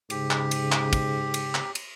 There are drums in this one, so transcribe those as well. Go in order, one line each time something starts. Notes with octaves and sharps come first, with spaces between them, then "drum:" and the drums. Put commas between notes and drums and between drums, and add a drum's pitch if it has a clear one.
G#2 C#3 G4, drum: cymbal
drum: clap
drum: cymbal
drum: clap
drum: kick, cymbal
drum: cymbal
drum: clap
drum: cymbal